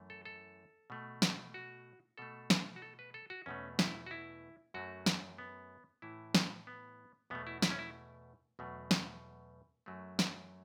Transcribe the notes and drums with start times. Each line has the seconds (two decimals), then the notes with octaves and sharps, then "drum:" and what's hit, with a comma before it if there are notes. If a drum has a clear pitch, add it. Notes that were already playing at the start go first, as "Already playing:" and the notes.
Already playing: F#2 E3 A3
0.10 A4
0.25 A4
0.90 B2 A3
1.22 drum: snare
1.54 F#4
2.18 B2 A3 A4
2.50 drum: snare
2.76 F#4
2.82 A4
2.99 B4
3.14 A4
3.30 F#4
3.46 E2 B2 A3 C#4
3.79 E4, drum: snare
4.06 F#4
4.11 E4
4.74 F#2 F#3 A3 F#4
5.06 drum: snare
5.38 B3
6.02 A2 E3 A3 E4
6.35 drum: snare
6.67 B3
7.30 E2 B2 A3 B3
7.47 E4
7.62 E4, drum: snare
7.71 C#4
7.79 E4
8.59 E2 B2 F#3 A3
8.91 drum: snare
9.86 F#2 F#3 A3
10.19 drum: snare